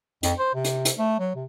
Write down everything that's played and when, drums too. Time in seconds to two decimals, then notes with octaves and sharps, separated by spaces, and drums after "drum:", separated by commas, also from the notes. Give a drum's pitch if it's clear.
0.23 F2, drum: hi-hat
0.39 C5
0.55 C3
0.64 drum: hi-hat
0.85 drum: hi-hat
0.98 A3
1.19 F#3
1.35 C3